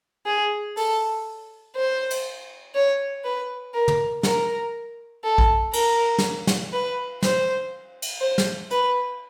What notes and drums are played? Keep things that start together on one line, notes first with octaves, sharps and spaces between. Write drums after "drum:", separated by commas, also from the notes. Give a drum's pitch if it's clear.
G#4
A4, drum: open hi-hat
C5
drum: cymbal
C#5
B4
A#4
drum: tom
A#4, drum: snare
A4
drum: kick A#1
A#4, drum: cymbal
drum: snare
drum: snare
B4
C5, drum: snare
drum: cymbal
C5
drum: snare
B4, drum: hi-hat